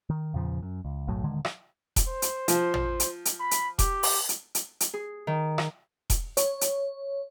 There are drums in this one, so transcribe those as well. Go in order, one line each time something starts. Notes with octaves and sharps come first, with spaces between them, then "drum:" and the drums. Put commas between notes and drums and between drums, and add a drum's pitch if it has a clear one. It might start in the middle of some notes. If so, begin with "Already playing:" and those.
D#3
E2 A#2 C#3 F3
F#2
C#2
F#1 B1 A2 F#3
D#1 D3 D#3 G#3
drum: rim click
drum: kick E1, hi-hat
C5
drum: hi-hat
F3, drum: hi-hat
drum: tom
drum: hi-hat
drum: hi-hat
B5
drum: hi-hat
G4, drum: kick E1, hi-hat
drum: open hi-hat
drum: hi-hat
drum: hi-hat
drum: hi-hat
G#4
D#3
drum: rim click
drum: kick E1, hi-hat
C#5, drum: hi-hat
drum: hi-hat